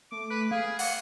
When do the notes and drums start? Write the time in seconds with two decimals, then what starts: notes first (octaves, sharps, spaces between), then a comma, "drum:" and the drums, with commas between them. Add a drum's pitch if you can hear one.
0.12 A3 D6
0.30 B4
0.51 G#4 F5
0.79 F#5, drum: open hi-hat